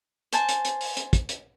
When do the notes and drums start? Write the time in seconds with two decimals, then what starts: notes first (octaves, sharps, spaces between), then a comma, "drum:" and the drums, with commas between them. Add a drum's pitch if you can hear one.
0.33 C5 G#5 A5, drum: hi-hat
0.49 drum: hi-hat
0.65 drum: hi-hat
0.81 drum: open hi-hat
0.97 drum: hi-hat
1.13 drum: kick, hi-hat
1.29 drum: hi-hat